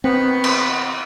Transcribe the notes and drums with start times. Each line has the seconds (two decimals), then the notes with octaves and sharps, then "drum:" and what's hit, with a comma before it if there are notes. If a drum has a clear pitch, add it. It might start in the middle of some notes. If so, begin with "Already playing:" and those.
0.04 B2 D#3 B3 C4
0.44 drum: cymbal